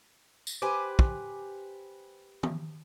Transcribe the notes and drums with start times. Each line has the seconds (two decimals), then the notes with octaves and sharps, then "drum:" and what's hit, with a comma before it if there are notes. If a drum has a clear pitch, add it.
0.47 drum: tambourine
0.62 G4 B4 C5 G#5
0.99 drum: kick
2.43 drum: tom